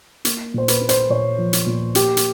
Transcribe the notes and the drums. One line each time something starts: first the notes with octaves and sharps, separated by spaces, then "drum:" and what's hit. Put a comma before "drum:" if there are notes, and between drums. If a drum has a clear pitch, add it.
A#3, drum: hi-hat
A#2 C5
B4, drum: hi-hat
A#3
C5, drum: hi-hat
A#2 C#5
F3
drum: hi-hat
A#2
A#3 G4, drum: hi-hat
drum: hi-hat